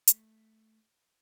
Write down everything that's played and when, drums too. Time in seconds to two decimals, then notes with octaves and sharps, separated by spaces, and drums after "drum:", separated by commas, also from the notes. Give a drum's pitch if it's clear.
0.07 A3, drum: hi-hat